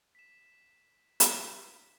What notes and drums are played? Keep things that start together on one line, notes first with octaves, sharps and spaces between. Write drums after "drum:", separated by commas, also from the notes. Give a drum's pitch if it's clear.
B6 E7
drum: hi-hat